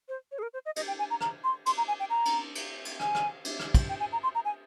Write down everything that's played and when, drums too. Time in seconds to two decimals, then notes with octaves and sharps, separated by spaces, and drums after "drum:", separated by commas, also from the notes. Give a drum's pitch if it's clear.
0.09 C5
0.32 C#5
0.38 G#4
0.42 A#4
0.53 C5
0.66 D#5
0.76 D#5, drum: cymbal
0.87 G5
0.99 G#5
1.10 A#5
1.21 A#5, drum: rim click
1.44 C6
1.66 C6, drum: cymbal
1.77 A#5
1.88 G#5
2.00 G5
2.10 A#5
2.25 drum: cymbal
2.55 drum: cymbal
2.85 drum: cymbal
3.00 G#5, drum: rim click
3.15 drum: rim click
3.45 drum: cymbal
3.60 drum: rim click
3.75 drum: kick, cymbal
3.89 G5
4.00 G#5
4.12 A#5
4.23 C6
4.35 A#5
4.45 G#5